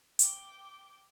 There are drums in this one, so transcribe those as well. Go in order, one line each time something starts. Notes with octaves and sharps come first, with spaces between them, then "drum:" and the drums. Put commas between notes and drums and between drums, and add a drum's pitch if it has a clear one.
G5 D6, drum: hi-hat